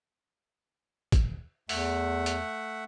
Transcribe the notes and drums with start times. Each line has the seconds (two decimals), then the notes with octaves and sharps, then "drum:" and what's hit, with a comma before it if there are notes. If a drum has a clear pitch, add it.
1.12 drum: kick, hi-hat
1.69 E2 A3 E5 F#5, drum: open hi-hat
2.26 drum: hi-hat